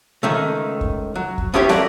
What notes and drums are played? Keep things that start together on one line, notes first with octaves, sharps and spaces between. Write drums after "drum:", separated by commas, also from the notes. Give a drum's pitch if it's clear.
C#2 D#3 A3
drum: kick
F#3
drum: kick
B3 C#4 E4 G4 C5 C#5
F#3 A3 A#3 D5, drum: snare